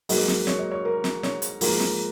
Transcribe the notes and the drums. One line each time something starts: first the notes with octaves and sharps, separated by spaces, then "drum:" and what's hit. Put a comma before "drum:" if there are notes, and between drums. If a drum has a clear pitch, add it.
G#2 F#3 A#3 D#5, drum: open hi-hat
drum: snare
C#5, drum: snare
D#5
C#5
A#4
drum: snare
C#5, drum: snare
drum: hi-hat
G#2 F3 A#3 A#4, drum: open hi-hat
drum: snare